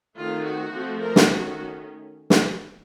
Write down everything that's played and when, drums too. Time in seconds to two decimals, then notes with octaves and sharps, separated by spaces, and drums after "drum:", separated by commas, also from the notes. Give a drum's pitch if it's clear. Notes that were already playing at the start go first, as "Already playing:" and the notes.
0.16 D#3 A3 C4 F4
0.45 F#4
0.73 F3 A3 C4
1.02 A#4
1.16 drum: snare
1.30 D#3 A3 C#4 F#4
2.30 drum: snare